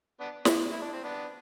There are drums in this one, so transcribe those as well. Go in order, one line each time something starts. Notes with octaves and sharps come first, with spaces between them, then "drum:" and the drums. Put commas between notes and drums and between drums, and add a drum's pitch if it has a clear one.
B3 D4
C4 E4, drum: snare
E4
D4
C4
B3 D4